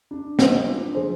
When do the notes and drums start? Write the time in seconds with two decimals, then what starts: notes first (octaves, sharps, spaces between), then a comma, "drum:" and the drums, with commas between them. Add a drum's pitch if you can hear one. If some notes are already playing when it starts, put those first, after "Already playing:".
0.11 D4
0.39 D#4, drum: snare
0.67 D4 F4
0.95 F3 G#4 C5